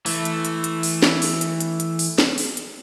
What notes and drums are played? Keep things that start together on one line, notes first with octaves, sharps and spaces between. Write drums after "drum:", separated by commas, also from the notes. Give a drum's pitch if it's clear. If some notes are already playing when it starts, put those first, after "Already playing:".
E3 A3, drum: open hi-hat
drum: hi-hat
drum: hi-hat
drum: hi-hat
drum: open hi-hat
drum: snare
drum: open hi-hat
drum: hi-hat
drum: hi-hat
drum: hi-hat
drum: open hi-hat
drum: snare
drum: open hi-hat
drum: hi-hat